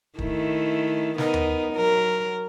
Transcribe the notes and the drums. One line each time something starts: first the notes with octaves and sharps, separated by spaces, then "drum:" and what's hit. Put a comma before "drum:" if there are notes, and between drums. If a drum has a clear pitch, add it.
D#3 A3 E4, drum: kick
B3 D#4 A#4, drum: snare
drum: tom D#2
F#3 A#4